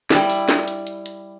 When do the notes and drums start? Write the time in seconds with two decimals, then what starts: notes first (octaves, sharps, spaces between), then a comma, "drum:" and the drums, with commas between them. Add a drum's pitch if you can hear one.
0.10 G3 E4, drum: snare
0.30 drum: open hi-hat
0.49 drum: snare
0.68 drum: hi-hat
0.87 drum: hi-hat
1.06 drum: hi-hat